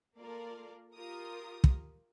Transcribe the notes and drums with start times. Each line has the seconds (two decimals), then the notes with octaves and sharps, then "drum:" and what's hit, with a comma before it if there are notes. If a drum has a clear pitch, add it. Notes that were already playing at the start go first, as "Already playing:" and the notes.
0.19 A#3 F4 A4 A#4 D5
0.95 F4 G4 A#4 D#6
1.64 drum: kick